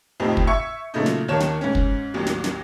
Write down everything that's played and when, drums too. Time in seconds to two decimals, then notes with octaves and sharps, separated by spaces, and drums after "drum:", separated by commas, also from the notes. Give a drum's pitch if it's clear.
0.20 F2 A2 C3 F3 C4 D#4
0.37 drum: kick
0.47 E5 C#6 G#6 C#7
0.94 A#2 C#3 F#3 A3 D#4
1.06 drum: snare
1.28 D#2 D#3 A#3 C#5 A5 E7
1.40 drum: snare
1.61 G#2 C#4
1.75 drum: kick
2.14 A1 D#2 F#3
2.27 drum: snare
2.44 drum: snare